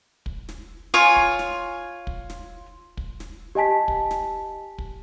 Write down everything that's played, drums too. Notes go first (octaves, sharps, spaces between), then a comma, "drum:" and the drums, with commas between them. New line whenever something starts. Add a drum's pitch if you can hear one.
drum: kick
drum: snare
F4 C#5 G#5
drum: kick
drum: snare
drum: kick
drum: snare
drum: kick
drum: snare
G4 D#5 G#5 A5 B6
drum: kick
drum: snare
drum: kick